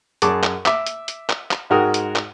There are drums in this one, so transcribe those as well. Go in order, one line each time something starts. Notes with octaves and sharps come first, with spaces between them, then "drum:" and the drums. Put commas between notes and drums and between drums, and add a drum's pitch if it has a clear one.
F#2 G#4 A5 C#6 D6, drum: hi-hat
drum: clap
E5 D6, drum: clap
drum: hi-hat
drum: hi-hat
drum: clap
drum: clap
G#2 G#3 F#4 A#4 G5 D#6
drum: hi-hat
drum: clap